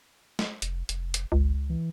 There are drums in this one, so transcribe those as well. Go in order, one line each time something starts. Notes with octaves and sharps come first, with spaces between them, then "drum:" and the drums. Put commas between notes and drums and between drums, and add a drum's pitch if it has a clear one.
drum: snare
F1, drum: hi-hat
F1, drum: hi-hat
drum: hi-hat
G1 C#2
E3